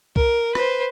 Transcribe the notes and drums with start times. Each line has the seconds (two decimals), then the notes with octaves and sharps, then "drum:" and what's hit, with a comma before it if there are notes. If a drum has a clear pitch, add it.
0.16 A#4, drum: kick C2
0.55 B4 C5, drum: rim click